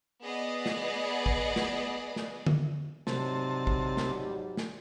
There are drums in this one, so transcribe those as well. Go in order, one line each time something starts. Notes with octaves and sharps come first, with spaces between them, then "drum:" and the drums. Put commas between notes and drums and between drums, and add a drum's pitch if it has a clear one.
B3 G#4 B4 D5 D#5
drum: snare
drum: kick
drum: snare
drum: snare
drum: tom D3
G#2 C3 F#3 G3 A5, drum: snare
drum: kick
drum: snare
drum: snare